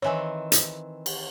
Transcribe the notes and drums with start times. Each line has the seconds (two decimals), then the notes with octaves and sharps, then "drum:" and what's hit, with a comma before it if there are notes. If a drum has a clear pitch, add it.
0.02 D#3 E3 C4 C#5 G#5
0.52 drum: hi-hat
1.06 drum: cymbal